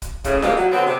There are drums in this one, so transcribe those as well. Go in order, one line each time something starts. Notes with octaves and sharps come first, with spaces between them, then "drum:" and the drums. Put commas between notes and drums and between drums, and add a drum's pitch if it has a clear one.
drum: kick, hi-hat
A2 C#3, drum: kick, hi-hat
C3 E3 G3 G#3 A#3, drum: snare F4
F#3
D3 F#3 B3 C4
C3